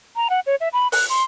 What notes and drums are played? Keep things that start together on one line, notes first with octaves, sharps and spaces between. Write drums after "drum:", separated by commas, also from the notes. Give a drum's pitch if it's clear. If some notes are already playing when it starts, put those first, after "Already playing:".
A#5
F#5
C#5
E5
B5
F#6, drum: open hi-hat
C6